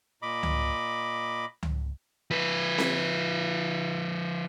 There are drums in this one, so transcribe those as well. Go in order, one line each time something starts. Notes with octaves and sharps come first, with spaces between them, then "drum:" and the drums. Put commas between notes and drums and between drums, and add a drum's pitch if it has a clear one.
A#2 D#5 B5 D6
drum: tom C#2
drum: tom C#2
F3 B4
drum: snare C4